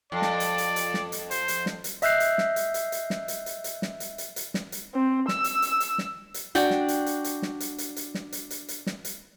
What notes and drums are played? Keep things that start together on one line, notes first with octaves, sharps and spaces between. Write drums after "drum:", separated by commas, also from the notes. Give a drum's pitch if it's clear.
F2 D5
drum: snare
drum: hi-hat
drum: hi-hat
drum: hi-hat
drum: snare
drum: hi-hat
C5, drum: hi-hat
drum: hi-hat
drum: snare
drum: hi-hat
D#5 E5 E6 F#6 G6 C7, drum: hi-hat
drum: hi-hat
drum: snare
drum: hi-hat
drum: hi-hat
drum: hi-hat
drum: snare
drum: hi-hat
drum: hi-hat
drum: hi-hat
drum: snare
drum: hi-hat
drum: hi-hat
drum: hi-hat
drum: snare
drum: hi-hat
C4
E6, drum: snare
drum: hi-hat
drum: hi-hat
drum: hi-hat
drum: snare
drum: hi-hat
D4 F#4 G5, drum: hi-hat
drum: snare
drum: hi-hat
drum: hi-hat
drum: hi-hat
drum: snare
drum: hi-hat
drum: hi-hat
drum: hi-hat
drum: snare
drum: hi-hat
drum: hi-hat
drum: hi-hat
drum: snare
drum: hi-hat